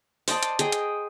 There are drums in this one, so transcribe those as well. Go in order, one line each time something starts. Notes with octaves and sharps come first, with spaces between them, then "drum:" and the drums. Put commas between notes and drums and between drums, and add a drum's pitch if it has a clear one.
C5 D5 D#5 A5, drum: open hi-hat
drum: hi-hat
G#4 D#5 G5, drum: hi-hat
drum: hi-hat